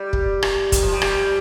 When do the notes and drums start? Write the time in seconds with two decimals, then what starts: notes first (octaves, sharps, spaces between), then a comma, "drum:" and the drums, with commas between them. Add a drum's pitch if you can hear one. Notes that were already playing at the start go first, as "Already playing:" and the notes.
Already playing: G3
0.13 drum: kick
0.43 drum: rim click
0.72 D#3, drum: kick, hi-hat
0.82 F3
0.92 G3
1.02 drum: rim click